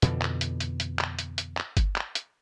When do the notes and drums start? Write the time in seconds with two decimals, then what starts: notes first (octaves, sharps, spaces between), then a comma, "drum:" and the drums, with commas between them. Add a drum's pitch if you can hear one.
0.02 F2 B2 D3 E3, drum: hi-hat
0.22 drum: clap
0.41 drum: hi-hat
0.60 drum: hi-hat
0.80 drum: hi-hat
0.99 drum: clap
1.19 drum: hi-hat
1.38 drum: hi-hat
1.57 drum: clap
1.77 drum: kick G1, hi-hat
1.96 drum: clap
2.15 drum: hi-hat